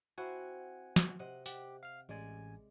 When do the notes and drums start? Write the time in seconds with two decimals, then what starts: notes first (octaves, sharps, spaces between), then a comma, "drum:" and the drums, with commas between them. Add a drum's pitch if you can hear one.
0.18 C4 E4 F#4 F#5 G#5
0.96 drum: snare
1.19 C3 D#5 F#5
1.46 G4 F#5, drum: open hi-hat
1.83 F5 F6
2.09 A1 G#3 D5 G#5